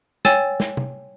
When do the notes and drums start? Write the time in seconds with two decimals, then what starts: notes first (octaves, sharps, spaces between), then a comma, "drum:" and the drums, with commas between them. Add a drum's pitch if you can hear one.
0.25 C#5 G5 G#5 E6 A6 E7, drum: snare
0.60 drum: snare
0.77 drum: tom